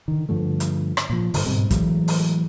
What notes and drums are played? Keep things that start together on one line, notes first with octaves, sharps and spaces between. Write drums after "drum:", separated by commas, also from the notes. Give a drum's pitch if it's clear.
D3 D#3
G2 D3 F3 A3
drum: hi-hat
drum: rim click
A#2 F3
G2 D3, drum: open hi-hat
G#2 B2 G3 C4
A2 E3 F#3 G#3, drum: kick, hi-hat
drum: open hi-hat